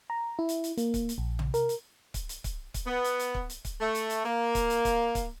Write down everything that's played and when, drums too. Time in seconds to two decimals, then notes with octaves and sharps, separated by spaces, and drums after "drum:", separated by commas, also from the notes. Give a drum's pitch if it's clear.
0.10 A#5
0.39 E4
0.49 drum: hi-hat
0.64 drum: hi-hat
0.77 A#3, drum: hi-hat
0.94 drum: kick C#1, hi-hat
1.09 drum: hi-hat
1.18 A#1
1.39 drum: tom
1.54 A#4, drum: hi-hat
1.69 drum: hi-hat
2.14 drum: kick C#1, hi-hat
2.29 drum: hi-hat
2.44 drum: kick C#1, hi-hat
2.74 drum: kick C#1, hi-hat
2.87 B3
3.04 drum: hi-hat
3.19 drum: hi-hat
3.34 drum: kick C#1
3.50 drum: hi-hat
3.65 drum: kick C#1, hi-hat
3.81 A3
3.95 drum: hi-hat
4.10 drum: hi-hat
4.25 A#3
4.55 drum: kick C#1, hi-hat
4.70 drum: hi-hat
4.85 drum: kick C#1, hi-hat
5.15 drum: kick C#1, hi-hat